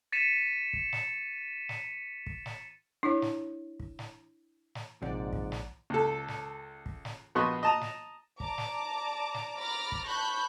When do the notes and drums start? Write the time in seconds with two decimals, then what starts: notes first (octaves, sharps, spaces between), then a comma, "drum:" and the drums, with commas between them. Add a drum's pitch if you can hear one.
0.12 A6 B6 C#7 D#7 E7
0.73 drum: kick
0.93 drum: snare
1.69 drum: snare
2.26 drum: kick
2.46 drum: snare
3.03 D4 E4 C#5
3.22 drum: snare
3.80 drum: kick
3.99 drum: snare
4.75 drum: snare
5.02 A#1 G#2 C3 F3 D5 F#5
5.33 drum: kick
5.52 drum: snare
5.90 C#2 A4
6.28 drum: snare
6.86 drum: kick
7.05 drum: snare
7.35 A#1 B3 F#4 D#5 C6 C#6
7.63 D#5 A5 A#5
7.81 drum: snare
8.40 D5 A5 A#5 D6, drum: kick
8.58 drum: snare
9.34 drum: snare
9.59 A#5 B5 D6 F6 A6 A#6
9.92 drum: kick
10.05 A5 B5 C#6 F#6 G6